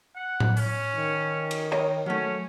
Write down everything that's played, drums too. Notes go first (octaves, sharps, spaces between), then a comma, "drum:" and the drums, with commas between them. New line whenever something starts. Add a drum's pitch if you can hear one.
F#5
drum: tom A2
C#4, drum: open hi-hat
D#3
drum: cymbal
C#5 D#5 A#5
F#3 A3 C#4